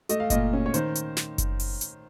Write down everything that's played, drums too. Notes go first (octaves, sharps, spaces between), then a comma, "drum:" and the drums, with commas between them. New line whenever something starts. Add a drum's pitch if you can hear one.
A3 D#5, drum: hi-hat
F5
A#2 D#5, drum: kick F#1, hi-hat
C#4
C#5
D#3 C5, drum: hi-hat
drum: hi-hat
drum: snare
drum: kick F#1, hi-hat
drum: open hi-hat
drum: hi-hat